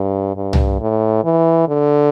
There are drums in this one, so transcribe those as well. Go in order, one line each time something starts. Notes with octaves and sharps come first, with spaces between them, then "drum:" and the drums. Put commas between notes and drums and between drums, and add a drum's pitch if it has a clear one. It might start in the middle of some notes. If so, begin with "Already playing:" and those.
Already playing: G2
G2
drum: tom C2
A2
E3
D3